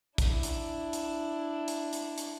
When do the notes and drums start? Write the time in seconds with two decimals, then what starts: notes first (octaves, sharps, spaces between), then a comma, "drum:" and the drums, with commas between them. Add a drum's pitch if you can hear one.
0.18 D4 E4, drum: kick, hi-hat
0.43 drum: hi-hat
0.93 drum: hi-hat
1.68 drum: hi-hat
1.93 drum: hi-hat
2.18 drum: hi-hat